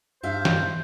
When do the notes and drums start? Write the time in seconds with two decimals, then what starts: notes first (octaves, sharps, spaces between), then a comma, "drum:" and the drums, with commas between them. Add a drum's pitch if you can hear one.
0.23 G2 C5 E5 F5
0.45 drum: snare E3